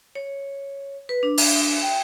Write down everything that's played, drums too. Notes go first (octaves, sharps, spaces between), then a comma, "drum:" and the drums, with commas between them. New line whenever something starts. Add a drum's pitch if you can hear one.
C#5
B4
D4
drum: open hi-hat
G5